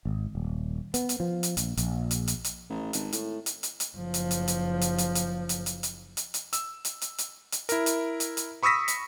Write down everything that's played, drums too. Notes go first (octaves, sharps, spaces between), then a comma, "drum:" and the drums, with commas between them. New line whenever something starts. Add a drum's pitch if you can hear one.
G#1
D#1
B3, drum: hi-hat
drum: hi-hat
F3
drum: hi-hat
A#1, drum: hi-hat
A#1, drum: hi-hat
drum: hi-hat
drum: hi-hat
drum: hi-hat
A1
G#1, drum: hi-hat
A2, drum: hi-hat
drum: hi-hat
drum: hi-hat
drum: hi-hat
F#1 F3
drum: hi-hat
drum: hi-hat
drum: hi-hat
drum: hi-hat
drum: hi-hat
drum: hi-hat
drum: hi-hat
drum: hi-hat
drum: hi-hat
drum: hi-hat
drum: hi-hat
E6, drum: hi-hat
drum: hi-hat
drum: hi-hat
drum: hi-hat
drum: hi-hat
E4 A#4, drum: hi-hat
drum: hi-hat
drum: hi-hat
drum: hi-hat
B5 C#6 D#6 E6 A#6 B6
drum: hi-hat